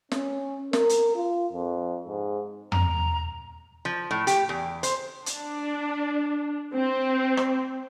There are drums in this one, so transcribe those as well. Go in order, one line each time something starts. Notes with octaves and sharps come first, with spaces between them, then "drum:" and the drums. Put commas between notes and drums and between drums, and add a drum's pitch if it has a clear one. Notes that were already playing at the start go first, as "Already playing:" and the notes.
C#4, drum: snare
A#4, drum: snare
drum: hi-hat
F4
F2
G#2
A#5, drum: tom
F3
A2
G4, drum: hi-hat
E2
C5, drum: hi-hat
D4, drum: hi-hat
C4
drum: rim click